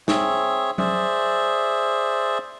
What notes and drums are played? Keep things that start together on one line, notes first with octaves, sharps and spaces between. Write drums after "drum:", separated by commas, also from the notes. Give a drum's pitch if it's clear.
C4 G#4 C#5 E5, drum: snare
G#4 C5 D5 E5, drum: tom F#3